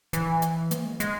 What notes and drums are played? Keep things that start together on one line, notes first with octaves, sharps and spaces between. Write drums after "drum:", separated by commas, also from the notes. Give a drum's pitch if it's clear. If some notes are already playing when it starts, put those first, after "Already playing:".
E3, drum: hi-hat
drum: hi-hat
A#3, drum: hi-hat
G#3
G#3, drum: hi-hat